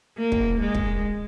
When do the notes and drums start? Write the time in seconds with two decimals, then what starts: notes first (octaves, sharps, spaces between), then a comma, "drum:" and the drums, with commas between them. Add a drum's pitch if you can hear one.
0.18 A#3
0.32 drum: kick
0.61 G#3
0.75 drum: kick